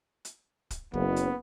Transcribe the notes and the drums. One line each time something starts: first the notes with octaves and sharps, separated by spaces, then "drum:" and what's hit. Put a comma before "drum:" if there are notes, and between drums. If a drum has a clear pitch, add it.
drum: hi-hat
drum: kick, hi-hat
F#1 B3, drum: kick
drum: hi-hat